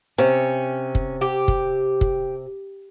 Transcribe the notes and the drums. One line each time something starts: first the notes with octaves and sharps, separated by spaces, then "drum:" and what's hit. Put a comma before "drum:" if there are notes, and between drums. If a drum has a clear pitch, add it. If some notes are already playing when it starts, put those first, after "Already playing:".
C3 C#4
drum: kick
G4
drum: kick
drum: kick